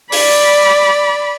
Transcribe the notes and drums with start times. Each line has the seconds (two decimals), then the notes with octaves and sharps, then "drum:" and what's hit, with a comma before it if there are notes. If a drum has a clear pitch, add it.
0.12 D5 B5, drum: open hi-hat